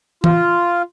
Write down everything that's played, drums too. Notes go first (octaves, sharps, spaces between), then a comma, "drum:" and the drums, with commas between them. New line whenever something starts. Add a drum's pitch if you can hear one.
F4, drum: tom E3